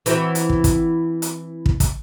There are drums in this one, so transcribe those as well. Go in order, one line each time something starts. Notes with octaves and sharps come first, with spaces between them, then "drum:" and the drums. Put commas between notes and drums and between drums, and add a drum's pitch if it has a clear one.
E3 C4 F#4, drum: hi-hat
drum: hi-hat
drum: kick
drum: kick, hi-hat
drum: hi-hat
drum: kick
drum: kick, hi-hat